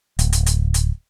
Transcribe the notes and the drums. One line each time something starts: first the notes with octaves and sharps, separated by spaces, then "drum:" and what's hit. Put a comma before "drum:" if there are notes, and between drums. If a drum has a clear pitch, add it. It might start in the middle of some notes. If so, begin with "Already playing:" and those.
D1, drum: hi-hat
drum: hi-hat
drum: hi-hat
drum: hi-hat